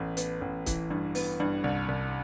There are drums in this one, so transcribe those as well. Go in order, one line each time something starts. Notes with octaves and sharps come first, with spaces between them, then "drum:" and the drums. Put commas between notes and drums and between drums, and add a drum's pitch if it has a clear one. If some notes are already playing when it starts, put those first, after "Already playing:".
Already playing: A1 B3
B3, drum: hi-hat
A1
E3, drum: kick, hi-hat
G2
B3, drum: open hi-hat
G2
C2
C2